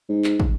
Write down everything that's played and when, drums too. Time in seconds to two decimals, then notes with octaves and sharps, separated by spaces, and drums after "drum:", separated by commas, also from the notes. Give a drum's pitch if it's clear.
0.09 G#2
0.24 drum: clap
0.40 drum: kick